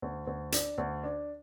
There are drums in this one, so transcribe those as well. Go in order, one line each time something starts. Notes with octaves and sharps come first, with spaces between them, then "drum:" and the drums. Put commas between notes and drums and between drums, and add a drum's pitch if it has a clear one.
D2
D2
D4, drum: hi-hat
D2
D4